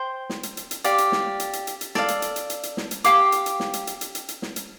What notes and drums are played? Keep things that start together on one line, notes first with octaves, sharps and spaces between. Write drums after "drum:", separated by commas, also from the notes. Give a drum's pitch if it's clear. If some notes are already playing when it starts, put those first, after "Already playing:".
Already playing: C5 G5 C6
drum: snare
drum: hi-hat
drum: hi-hat
drum: hi-hat
G4 D5 F5, drum: hi-hat
drum: hi-hat
drum: snare
drum: hi-hat
drum: hi-hat
drum: hi-hat
drum: hi-hat
A4 D5 F5, drum: snare
drum: hi-hat
drum: hi-hat
drum: hi-hat
drum: hi-hat
drum: hi-hat
drum: snare
drum: hi-hat
G4 F5 D6, drum: hi-hat
drum: hi-hat
drum: hi-hat
drum: snare
drum: hi-hat
drum: hi-hat
drum: hi-hat
drum: hi-hat
drum: hi-hat
drum: snare
drum: hi-hat